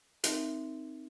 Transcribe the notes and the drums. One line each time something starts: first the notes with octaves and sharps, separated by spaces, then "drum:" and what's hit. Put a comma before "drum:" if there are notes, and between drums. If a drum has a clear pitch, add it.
C4 D#4 A#4 E5, drum: hi-hat